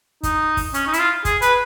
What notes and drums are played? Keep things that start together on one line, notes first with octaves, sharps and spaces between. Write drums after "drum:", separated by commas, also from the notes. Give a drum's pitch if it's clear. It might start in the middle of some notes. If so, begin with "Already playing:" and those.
D#4, drum: kick, hi-hat
drum: kick, open hi-hat
C#4, drum: hi-hat
D#4
E4, drum: hi-hat
F4
G#4, drum: kick, hi-hat
B4, drum: hi-hat